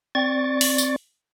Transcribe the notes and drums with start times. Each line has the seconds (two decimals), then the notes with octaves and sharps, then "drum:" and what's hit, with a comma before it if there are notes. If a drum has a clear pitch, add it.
0.15 C4 D5 C#6 A6
0.61 drum: open hi-hat
0.78 drum: tambourine